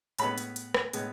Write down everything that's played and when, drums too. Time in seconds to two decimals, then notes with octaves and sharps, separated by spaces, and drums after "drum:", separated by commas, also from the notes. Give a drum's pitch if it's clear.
0.19 A2 G#3 B3 B5, drum: hi-hat
0.38 drum: hi-hat
0.56 drum: hi-hat
0.74 drum: rim click
0.93 A2 G#3 B3, drum: hi-hat